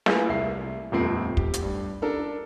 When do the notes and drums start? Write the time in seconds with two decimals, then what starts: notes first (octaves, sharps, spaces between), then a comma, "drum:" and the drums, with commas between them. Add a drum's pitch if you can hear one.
0.06 A3 A#3 E4 F4 G#4 B4, drum: snare
0.29 C2 E5 C7
0.92 D#1 F2 A3 B3 C4 C7
1.37 G4, drum: kick
1.54 drum: hi-hat
1.63 G2
2.02 D4 A4 A#4